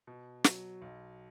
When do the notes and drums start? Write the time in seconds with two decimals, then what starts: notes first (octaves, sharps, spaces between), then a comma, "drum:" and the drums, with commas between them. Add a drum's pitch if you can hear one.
0.07 B2
0.44 F#3, drum: snare
0.82 B1